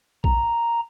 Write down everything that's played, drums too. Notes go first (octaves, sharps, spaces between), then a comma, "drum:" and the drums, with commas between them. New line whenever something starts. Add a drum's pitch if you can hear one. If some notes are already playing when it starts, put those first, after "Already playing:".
A#5, drum: kick A#1